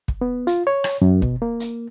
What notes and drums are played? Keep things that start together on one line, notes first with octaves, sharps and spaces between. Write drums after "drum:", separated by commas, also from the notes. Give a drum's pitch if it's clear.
drum: kick
B3
F4, drum: hi-hat
C#5
drum: rim click
F#2
B2, drum: kick
A#3
drum: hi-hat